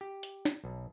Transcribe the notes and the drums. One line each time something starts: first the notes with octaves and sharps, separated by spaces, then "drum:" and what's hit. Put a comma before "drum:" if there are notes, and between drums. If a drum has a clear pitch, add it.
G4
drum: hi-hat
drum: snare
B1